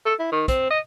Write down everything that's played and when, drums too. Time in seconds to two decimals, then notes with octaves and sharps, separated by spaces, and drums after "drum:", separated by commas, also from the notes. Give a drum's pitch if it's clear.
0.06 A4
0.19 E4
0.32 D#3
0.48 C4, drum: kick, hi-hat
0.70 D#5